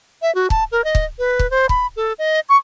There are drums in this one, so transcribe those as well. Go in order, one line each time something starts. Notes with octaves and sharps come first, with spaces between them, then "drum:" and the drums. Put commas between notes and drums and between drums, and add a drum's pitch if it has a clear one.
E5
F#4
A5, drum: kick
A#4
D#5
drum: kick
B4
drum: kick
C5
B5, drum: kick
A4
D#5
C#6